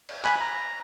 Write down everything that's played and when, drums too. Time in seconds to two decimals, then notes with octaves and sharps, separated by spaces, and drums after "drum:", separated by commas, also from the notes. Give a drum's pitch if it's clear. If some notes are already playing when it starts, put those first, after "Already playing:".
0.09 drum: cymbal
0.25 G#5 B5 F#6, drum: clap
0.40 A#5